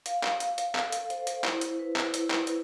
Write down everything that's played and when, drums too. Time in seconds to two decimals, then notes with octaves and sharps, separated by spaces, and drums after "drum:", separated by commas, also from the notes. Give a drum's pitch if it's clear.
0.06 F5, drum: hi-hat
0.23 drum: clap
0.40 F5, drum: hi-hat
0.58 drum: hi-hat
0.75 A4, drum: clap
0.92 drum: hi-hat
1.10 C5, drum: hi-hat
1.27 drum: hi-hat
1.44 E4, drum: clap
1.61 drum: hi-hat
1.79 B4
1.96 drum: clap
2.14 E4, drum: hi-hat
2.30 drum: clap
2.47 B4, drum: hi-hat